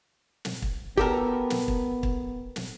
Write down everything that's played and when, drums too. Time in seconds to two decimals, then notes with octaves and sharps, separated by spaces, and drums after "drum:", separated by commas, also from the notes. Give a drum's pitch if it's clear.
0.45 drum: snare
0.62 drum: kick
0.97 B3 G4 A4 A#4, drum: kick
1.50 drum: snare
1.68 drum: kick
2.03 drum: kick
2.56 drum: snare